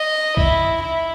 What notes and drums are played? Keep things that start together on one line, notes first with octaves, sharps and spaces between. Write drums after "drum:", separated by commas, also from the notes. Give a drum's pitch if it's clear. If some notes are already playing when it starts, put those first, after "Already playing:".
Already playing: D#5
E4, drum: kick
E4